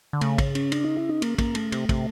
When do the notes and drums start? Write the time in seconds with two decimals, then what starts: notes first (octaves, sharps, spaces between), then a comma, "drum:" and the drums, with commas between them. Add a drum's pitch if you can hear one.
0.13 D3
0.21 C#3 A3, drum: cymbal
0.38 drum: kick, cymbal
0.55 C#4, drum: cymbal
0.72 D4, drum: cymbal
0.84 D#4
0.97 E4
1.09 D#4
1.22 A#3, drum: cymbal
1.38 A#3, drum: kick, cymbal
1.55 A3, drum: cymbal
1.72 C3, drum: cymbal
1.89 C3, drum: kick, cymbal